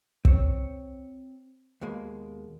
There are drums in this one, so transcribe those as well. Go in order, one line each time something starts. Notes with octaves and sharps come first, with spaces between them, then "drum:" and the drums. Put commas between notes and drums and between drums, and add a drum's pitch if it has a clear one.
C4 C#5, drum: kick
D#2 B2 G#3 A#3